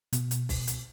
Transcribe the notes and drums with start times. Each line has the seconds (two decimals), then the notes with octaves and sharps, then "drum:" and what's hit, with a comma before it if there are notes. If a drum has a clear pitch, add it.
0.13 B2, drum: hi-hat
0.31 drum: hi-hat
0.49 drum: kick B1, open hi-hat
0.67 drum: hi-hat